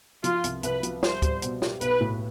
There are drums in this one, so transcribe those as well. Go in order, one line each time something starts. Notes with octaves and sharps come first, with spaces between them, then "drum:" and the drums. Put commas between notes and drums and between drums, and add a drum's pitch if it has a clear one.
F3 F4, drum: hi-hat
C2, drum: hi-hat
C2 B4, drum: hi-hat
F3, drum: hi-hat
G3 C5, drum: snare
G3, drum: kick, hi-hat
B2, drum: hi-hat
G4, drum: snare
B1 B4, drum: hi-hat
A2